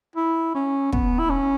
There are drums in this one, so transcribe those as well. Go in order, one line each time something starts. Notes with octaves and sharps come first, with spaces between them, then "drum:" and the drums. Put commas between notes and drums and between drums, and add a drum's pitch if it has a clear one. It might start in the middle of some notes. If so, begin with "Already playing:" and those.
E4
C#4
B3, drum: kick
E4
C#4